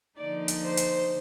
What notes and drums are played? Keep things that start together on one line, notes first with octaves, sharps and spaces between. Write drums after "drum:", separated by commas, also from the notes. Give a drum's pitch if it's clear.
D3 F3 A#3 D#4 D5
drum: hi-hat
C5
drum: hi-hat